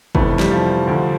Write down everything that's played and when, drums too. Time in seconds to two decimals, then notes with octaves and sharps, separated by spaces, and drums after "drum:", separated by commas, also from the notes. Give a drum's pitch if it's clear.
0.15 F1 F2 E3 A3 B3, drum: kick
0.39 G3, drum: snare
0.51 F3
0.87 D2 D3 F3